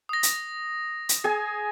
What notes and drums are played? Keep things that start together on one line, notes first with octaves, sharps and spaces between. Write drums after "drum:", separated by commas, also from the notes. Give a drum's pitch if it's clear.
D#6 A#6
drum: hi-hat
drum: hi-hat
G#4 G#5